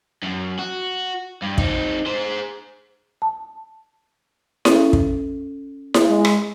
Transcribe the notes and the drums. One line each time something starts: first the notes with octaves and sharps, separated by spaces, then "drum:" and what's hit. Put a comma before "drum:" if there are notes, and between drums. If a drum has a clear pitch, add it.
F#2
F#4
G2
C4 D#4, drum: kick
G#4 C5
A5
C#4 A4, drum: snare E4
drum: kick
drum: snare E4
G#3
drum: rim click